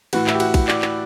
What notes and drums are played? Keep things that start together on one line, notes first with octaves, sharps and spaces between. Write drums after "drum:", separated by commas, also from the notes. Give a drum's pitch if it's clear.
A2 E3 F#4, drum: cymbal
E4, drum: clap
G4
F#4, drum: cymbal
drum: kick, cymbal
D5, drum: clap
drum: clap